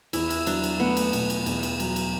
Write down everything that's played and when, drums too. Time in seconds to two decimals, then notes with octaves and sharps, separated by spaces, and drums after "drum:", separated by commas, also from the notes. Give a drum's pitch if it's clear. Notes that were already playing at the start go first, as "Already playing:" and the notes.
0.13 E2 E4, drum: cymbal
0.30 drum: cymbal
0.46 F#3 D4, drum: cymbal
0.63 drum: cymbal
0.80 A3 B3
0.97 drum: cymbal
1.13 B2, drum: cymbal
1.30 drum: cymbal
1.46 E2, drum: cymbal
1.63 drum: cymbal
1.80 F#3, drum: cymbal
1.96 drum: cymbal